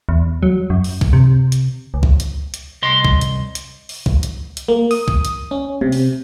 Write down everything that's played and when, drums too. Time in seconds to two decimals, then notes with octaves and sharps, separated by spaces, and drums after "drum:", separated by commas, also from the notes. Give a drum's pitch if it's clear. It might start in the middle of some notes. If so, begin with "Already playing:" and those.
0.09 E2
0.43 F#3
0.70 F#2
0.84 drum: open hi-hat
1.01 drum: kick B1
1.13 C3
1.52 drum: hi-hat
1.94 C#2
2.03 drum: kick B1
2.20 drum: hi-hat
2.54 drum: hi-hat
2.82 C2 D#5 C6
3.04 drum: kick B1
3.21 drum: hi-hat
3.55 drum: hi-hat
3.89 drum: open hi-hat
4.06 drum: kick B1
4.23 drum: hi-hat
4.57 drum: hi-hat
4.68 A#3
4.91 D#6, drum: open hi-hat
5.08 drum: kick B1
5.25 drum: hi-hat
5.51 C#4
5.81 C3
5.92 drum: open hi-hat